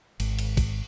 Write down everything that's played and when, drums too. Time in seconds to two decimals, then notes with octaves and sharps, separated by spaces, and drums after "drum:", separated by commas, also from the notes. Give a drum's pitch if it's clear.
0.20 G#1, drum: cymbal
0.39 drum: cymbal
0.57 drum: kick G#1, cymbal